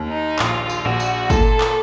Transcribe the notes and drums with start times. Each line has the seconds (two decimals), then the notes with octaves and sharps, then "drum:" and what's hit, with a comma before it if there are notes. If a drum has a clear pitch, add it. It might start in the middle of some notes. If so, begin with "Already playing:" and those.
Already playing: D#2
0.09 D#4
0.39 A#1 F4, drum: clap
0.70 drum: tambourine
0.85 A#1 F#4
1.00 drum: tambourine
1.30 A#2 A4, drum: kick, tambourine
1.60 drum: clap